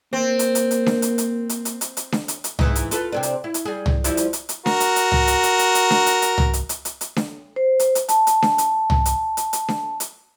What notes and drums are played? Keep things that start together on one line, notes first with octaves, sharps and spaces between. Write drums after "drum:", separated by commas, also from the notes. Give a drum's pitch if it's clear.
A#3 C4
drum: hi-hat
drum: hi-hat
drum: hi-hat
drum: snare D4
drum: hi-hat
drum: hi-hat
drum: hi-hat
drum: hi-hat
drum: hi-hat
drum: hi-hat
drum: snare D4
drum: hi-hat
drum: hi-hat
G#2 E3 D#4, drum: tom
drum: hi-hat
F4 A4 B4, drum: hi-hat
C3 C4 D4
drum: hi-hat
E4
drum: hi-hat
G3 G#4
drum: tom
F3 G3 E4, drum: hi-hat
drum: hi-hat
drum: hi-hat
drum: hi-hat
F#4 A#4, drum: snare D4
drum: hi-hat
drum: hi-hat
drum: tom
drum: hi-hat
drum: hi-hat
drum: hi-hat
drum: hi-hat
drum: snare D4
drum: hi-hat
drum: hi-hat
drum: tom
drum: hi-hat
drum: hi-hat
drum: hi-hat
drum: hi-hat
drum: snare D4
C5
drum: hi-hat
drum: hi-hat
A5, drum: hi-hat
drum: hi-hat
drum: snare D4
drum: hi-hat
drum: tom
drum: hi-hat
drum: hi-hat
drum: hi-hat
drum: snare D4
drum: hi-hat